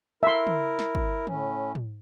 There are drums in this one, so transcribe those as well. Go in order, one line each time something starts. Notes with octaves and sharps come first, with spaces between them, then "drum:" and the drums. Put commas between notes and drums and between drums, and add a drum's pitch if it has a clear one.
E4 A#4 E5 C6
drum: tom
drum: snare
drum: kick
A2 C#4, drum: tom
drum: tom